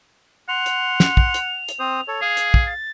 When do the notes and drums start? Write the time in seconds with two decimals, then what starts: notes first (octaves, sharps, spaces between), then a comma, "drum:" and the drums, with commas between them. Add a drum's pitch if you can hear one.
0.49 F#5 C6 F7
0.66 drum: hi-hat
1.00 drum: snare
1.17 drum: kick
1.34 drum: hi-hat
1.68 drum: hi-hat
1.79 C4 C5 D#6
2.08 A4 C#5
2.22 G#4 F5
2.37 drum: hi-hat
2.54 drum: kick
2.66 A6